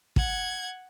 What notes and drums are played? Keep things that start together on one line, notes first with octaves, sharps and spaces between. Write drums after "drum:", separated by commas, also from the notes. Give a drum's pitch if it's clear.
F#5 G#6, drum: kick